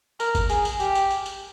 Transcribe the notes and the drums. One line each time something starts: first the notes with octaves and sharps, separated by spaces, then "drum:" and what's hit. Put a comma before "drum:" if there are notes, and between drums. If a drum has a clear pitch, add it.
A#4, drum: tambourine
drum: kick, tambourine
G#4, drum: tambourine
drum: tambourine
G4, drum: tambourine
drum: tambourine
drum: tambourine
drum: tambourine